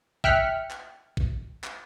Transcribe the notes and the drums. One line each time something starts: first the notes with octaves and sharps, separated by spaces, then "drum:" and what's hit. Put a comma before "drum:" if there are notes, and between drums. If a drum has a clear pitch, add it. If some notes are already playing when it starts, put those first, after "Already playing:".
E5 G5 F6 F#6 B6 C#7, drum: kick
drum: clap
drum: kick
drum: clap